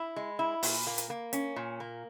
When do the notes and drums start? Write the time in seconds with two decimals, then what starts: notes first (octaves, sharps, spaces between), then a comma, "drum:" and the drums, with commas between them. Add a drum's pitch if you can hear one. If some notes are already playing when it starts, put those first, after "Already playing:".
Already playing: E4
0.16 G#3
0.39 E4
0.63 A#2, drum: open hi-hat
0.87 A#3
0.98 drum: hi-hat
1.10 A#3
1.33 C#4, drum: hi-hat
1.56 A#2
1.80 A#3